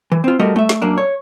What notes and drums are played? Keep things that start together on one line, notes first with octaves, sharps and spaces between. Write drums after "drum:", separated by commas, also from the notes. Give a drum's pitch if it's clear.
E3
C4 F4
G3 A3 F#4 A#4 D#5
A3 E5, drum: tom
drum: snare
F#2 A#3 D4
C#5